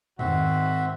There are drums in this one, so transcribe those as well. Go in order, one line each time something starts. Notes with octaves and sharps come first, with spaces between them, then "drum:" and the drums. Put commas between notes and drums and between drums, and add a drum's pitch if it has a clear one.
G#2 D#3 C4 F#4 E5, drum: tom E2